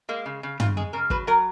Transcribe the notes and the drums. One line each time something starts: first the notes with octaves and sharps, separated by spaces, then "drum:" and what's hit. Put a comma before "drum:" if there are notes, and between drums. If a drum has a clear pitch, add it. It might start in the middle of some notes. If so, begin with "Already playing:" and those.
G#3 A#3
C#3
C#3
C#3 F4, drum: tom
G#3 G#4
C#3 A#4
F#3 B4, drum: kick
F#3 A#4